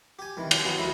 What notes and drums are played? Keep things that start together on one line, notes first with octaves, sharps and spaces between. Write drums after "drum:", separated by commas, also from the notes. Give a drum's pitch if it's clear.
G4 G#5
C2 D#3 E3
G4 G#5 A5, drum: cymbal
F#2 B3
D2 D#3 G3 E4 D#5